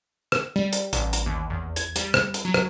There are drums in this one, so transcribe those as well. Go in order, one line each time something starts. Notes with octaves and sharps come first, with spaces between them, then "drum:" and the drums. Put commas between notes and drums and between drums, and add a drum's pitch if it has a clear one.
drum: rim click
G3
drum: hi-hat
A1, drum: hi-hat
drum: hi-hat
D#2
E2
G#6, drum: hi-hat
G3, drum: hi-hat
drum: rim click
drum: hi-hat
F#3
drum: rim click